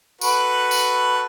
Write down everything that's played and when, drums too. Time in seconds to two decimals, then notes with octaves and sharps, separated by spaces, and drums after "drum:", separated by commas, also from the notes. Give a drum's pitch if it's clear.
0.21 F#4 A4 B4, drum: tambourine
0.71 drum: tambourine